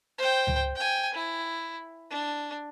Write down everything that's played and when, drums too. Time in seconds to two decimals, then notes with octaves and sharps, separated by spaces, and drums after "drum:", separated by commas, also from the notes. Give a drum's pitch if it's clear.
0.18 C5 G5
0.47 drum: tom C#2
0.76 G5 G#5
1.14 E4
2.10 D4